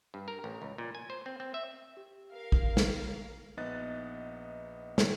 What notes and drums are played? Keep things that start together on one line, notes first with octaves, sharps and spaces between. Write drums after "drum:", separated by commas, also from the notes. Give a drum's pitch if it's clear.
G2
A#4
A1
C#2
A#2
G#5
C5
C4
C4
E5
G4
A#4 F5
drum: kick
drum: snare
A#1 B3 D#4 D#5 F#6 A6
drum: snare